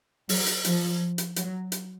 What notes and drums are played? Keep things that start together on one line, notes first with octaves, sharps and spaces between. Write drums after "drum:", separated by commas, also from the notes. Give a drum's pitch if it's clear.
F#3, drum: open hi-hat
drum: hi-hat
F3, drum: hi-hat
drum: hi-hat
F#3, drum: hi-hat
drum: hi-hat